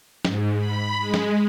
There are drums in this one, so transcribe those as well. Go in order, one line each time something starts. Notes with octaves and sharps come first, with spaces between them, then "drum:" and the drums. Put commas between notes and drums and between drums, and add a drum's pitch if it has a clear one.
G#2, drum: snare
B5
G#3
drum: snare